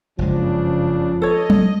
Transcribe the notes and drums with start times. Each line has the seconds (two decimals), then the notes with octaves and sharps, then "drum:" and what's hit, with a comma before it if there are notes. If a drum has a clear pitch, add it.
0.19 F#1 G2 C#3 F3 G#3 D4
1.22 A4 C#5 D#5
1.50 drum: tom F#3